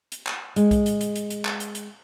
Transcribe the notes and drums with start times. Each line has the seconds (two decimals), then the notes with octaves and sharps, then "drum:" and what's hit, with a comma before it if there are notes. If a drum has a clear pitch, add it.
0.12 drum: hi-hat
0.27 drum: clap
0.56 G#3, drum: hi-hat
0.71 drum: kick B1, hi-hat
0.86 drum: hi-hat
1.01 drum: hi-hat
1.16 drum: hi-hat
1.30 drum: hi-hat
1.45 drum: clap
1.60 drum: hi-hat
1.75 drum: hi-hat